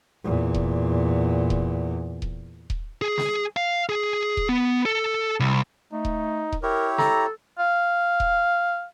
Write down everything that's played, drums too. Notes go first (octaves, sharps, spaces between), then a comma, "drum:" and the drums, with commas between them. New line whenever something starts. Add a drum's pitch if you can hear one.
E2 A#2
drum: kick D#1
drum: kick D#1
drum: kick D#1
drum: kick D#1
G#4
drum: snare
F5
G#4
drum: kick D#1
B3
A4
C2
A3 D#4
drum: kick D#1
drum: kick D#1
E4 G4 A#4 C#5
A4 A#5, drum: snare
F5
drum: kick D#1